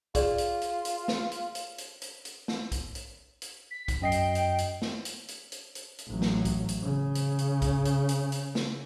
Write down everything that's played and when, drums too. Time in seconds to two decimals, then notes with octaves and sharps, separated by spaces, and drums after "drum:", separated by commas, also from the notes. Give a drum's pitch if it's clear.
0.15 F4 G#4 D5, drum: kick B1, hi-hat
0.38 drum: hi-hat
0.61 drum: hi-hat
0.85 drum: hi-hat
1.08 drum: snare
1.32 drum: hi-hat
1.55 drum: hi-hat
1.78 drum: hi-hat
2.02 drum: hi-hat
2.25 drum: hi-hat
2.48 drum: snare
2.72 drum: kick B1, hi-hat
2.95 drum: hi-hat
3.42 drum: hi-hat
3.70 B6
3.88 drum: kick B1, hi-hat
4.02 F#2 D#5 G5 C7
4.12 drum: hi-hat
4.35 drum: hi-hat
4.58 drum: hi-hat
4.82 drum: snare
5.05 drum: hi-hat
5.28 drum: hi-hat
5.52 drum: hi-hat
5.75 drum: hi-hat
5.98 drum: hi-hat
6.08 A1 F#3
6.22 drum: snare
6.45 drum: kick B1, hi-hat
6.68 drum: hi-hat
6.84 C#3
7.15 drum: hi-hat
7.39 drum: hi-hat
7.62 drum: kick B1, hi-hat
7.85 drum: hi-hat
8.09 drum: hi-hat
8.32 drum: hi-hat
8.55 drum: snare